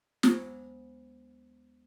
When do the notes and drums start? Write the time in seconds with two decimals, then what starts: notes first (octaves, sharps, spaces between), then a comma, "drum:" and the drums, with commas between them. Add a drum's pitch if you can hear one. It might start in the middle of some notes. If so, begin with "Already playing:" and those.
0.23 D2 F#3 G#3 B3 C5 D#6, drum: snare